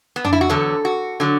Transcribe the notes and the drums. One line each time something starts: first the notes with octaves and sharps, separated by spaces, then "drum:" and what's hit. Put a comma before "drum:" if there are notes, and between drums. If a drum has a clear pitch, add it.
B3
D4, drum: tom
E4
F#4
E2 D3 F#3 A4
F#4
D3 F#3